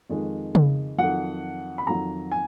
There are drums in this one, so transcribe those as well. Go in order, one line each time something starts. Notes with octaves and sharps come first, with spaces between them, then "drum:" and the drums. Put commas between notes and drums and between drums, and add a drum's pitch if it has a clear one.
F2 D#3 G#3
drum: tom C#3
F2 D#3 F#3 F#5
B5
F2 D#3 F#3 A#5
G#5